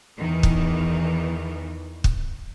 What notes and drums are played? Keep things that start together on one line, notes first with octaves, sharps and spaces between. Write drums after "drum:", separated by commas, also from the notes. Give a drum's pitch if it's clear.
E2 D#3 E3
drum: kick
drum: kick